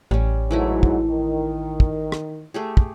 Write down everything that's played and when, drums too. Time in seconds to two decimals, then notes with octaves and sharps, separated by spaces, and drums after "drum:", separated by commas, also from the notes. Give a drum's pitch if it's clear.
0.11 A1 G3 C#4
0.51 G#2 E3 F#3 A3 E4
0.83 drum: kick
1.07 D#3
1.80 drum: kick
2.12 drum: rim click
2.54 A3 G4 G#4
2.77 drum: kick